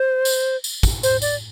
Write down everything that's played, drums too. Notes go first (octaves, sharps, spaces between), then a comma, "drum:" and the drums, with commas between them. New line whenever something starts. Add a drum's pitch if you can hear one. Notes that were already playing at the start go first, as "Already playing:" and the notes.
Already playing: C5
drum: tambourine
drum: tambourine
drum: kick, tambourine
C5, drum: tambourine
D5, drum: tambourine